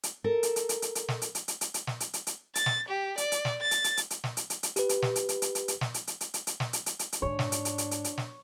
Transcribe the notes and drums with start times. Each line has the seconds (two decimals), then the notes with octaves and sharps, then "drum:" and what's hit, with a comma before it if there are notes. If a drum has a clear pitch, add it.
0.03 drum: hi-hat
0.24 A4 A#4
0.43 drum: hi-hat
0.56 drum: hi-hat
0.69 drum: hi-hat
0.82 drum: hi-hat
0.95 drum: hi-hat
1.08 drum: snare
1.22 drum: hi-hat
1.35 drum: hi-hat
1.48 drum: hi-hat
1.61 drum: hi-hat
1.74 drum: hi-hat
1.87 drum: snare
2.00 drum: hi-hat
2.13 drum: hi-hat
2.27 drum: hi-hat
2.55 A6, drum: hi-hat
2.66 drum: snare
2.88 G4
3.18 D5, drum: hi-hat
3.32 drum: hi-hat
3.45 drum: snare
3.61 A6
3.71 drum: hi-hat
3.84 drum: hi-hat
3.97 drum: hi-hat
4.10 drum: hi-hat
4.24 drum: snare
4.37 drum: hi-hat
4.50 drum: hi-hat
4.63 drum: hi-hat
4.76 G4 B4, drum: hi-hat
4.89 drum: hi-hat
5.02 drum: snare
5.16 drum: hi-hat
5.29 drum: hi-hat
5.42 drum: hi-hat
5.55 drum: hi-hat
5.68 drum: hi-hat
5.81 drum: snare
5.94 drum: hi-hat
6.07 drum: hi-hat
6.21 drum: hi-hat
6.34 drum: hi-hat
6.47 drum: hi-hat
6.60 drum: snare
6.73 drum: hi-hat
6.86 drum: hi-hat
6.99 drum: hi-hat
7.12 drum: hi-hat
7.22 G#2 D3 D4 C#5
7.39 drum: snare
7.52 drum: hi-hat
7.65 drum: hi-hat
7.78 drum: hi-hat
7.91 drum: hi-hat
8.04 drum: hi-hat
8.18 drum: snare